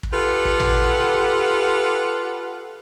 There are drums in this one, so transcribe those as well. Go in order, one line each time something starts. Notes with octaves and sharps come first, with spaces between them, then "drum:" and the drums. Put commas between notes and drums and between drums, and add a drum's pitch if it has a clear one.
drum: kick
F4 G4 A4 B4 F#5
drum: kick
drum: tom